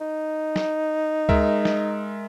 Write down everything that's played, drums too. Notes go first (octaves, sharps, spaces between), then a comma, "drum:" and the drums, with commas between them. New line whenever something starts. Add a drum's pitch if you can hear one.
D#4
drum: snare
G#3 A#4 E5, drum: kick C#2
drum: snare